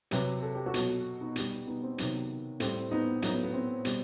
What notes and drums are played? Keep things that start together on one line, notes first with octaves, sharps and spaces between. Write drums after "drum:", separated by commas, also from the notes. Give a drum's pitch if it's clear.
C3 F#3 G4 B4, drum: hi-hat
A4
G4
F#4 A4
B2 F#3, drum: hi-hat
B3 D#4
B2 G3, drum: hi-hat
B3 D#4
C4
C3 D#3 F#3 B3, drum: hi-hat
A2 G3 C4, drum: hi-hat
B3 D#4
A2 F#3 B3 D#4, drum: hi-hat
B3
B3
C4
B2 G3, drum: hi-hat